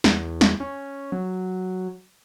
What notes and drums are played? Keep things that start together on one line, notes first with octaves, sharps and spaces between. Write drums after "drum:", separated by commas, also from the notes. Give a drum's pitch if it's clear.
E2, drum: snare
drum: snare
C#4
F#3